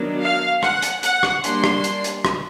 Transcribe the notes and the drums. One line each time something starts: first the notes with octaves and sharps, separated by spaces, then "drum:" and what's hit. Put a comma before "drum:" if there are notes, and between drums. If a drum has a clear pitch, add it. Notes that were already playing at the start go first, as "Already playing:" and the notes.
Already playing: D#3 F#3 B3 D4
F5
F#5, drum: rim click
drum: hi-hat
F#5, drum: hi-hat
drum: rim click
G3 A#3 D4 C6, drum: hi-hat
drum: rim click
drum: hi-hat
drum: hi-hat
drum: rim click